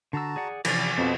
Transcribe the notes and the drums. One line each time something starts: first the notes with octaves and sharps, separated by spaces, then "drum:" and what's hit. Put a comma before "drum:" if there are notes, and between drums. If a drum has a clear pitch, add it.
D3 F#4 A5 A#5 E6
G#4 D5 F#5
C3 E3 F3 C#4 D5 D6, drum: cymbal
F2 B2 C4